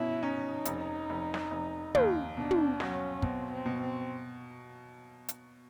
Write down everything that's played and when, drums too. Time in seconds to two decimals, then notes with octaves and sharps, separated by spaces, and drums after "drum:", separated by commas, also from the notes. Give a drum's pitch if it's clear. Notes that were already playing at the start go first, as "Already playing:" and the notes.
Already playing: B2 C#4 E4
0.23 C#4 D#4
0.65 F1, drum: hi-hat
1.09 F1
1.34 drum: snare
1.51 F1
1.95 D#2, drum: tom
2.37 B2 D4
2.51 drum: tom
2.80 F#3 C#4, drum: snare
3.22 B2 C4, drum: kick
3.52 C4
3.66 B2
3.80 C4
5.28 drum: hi-hat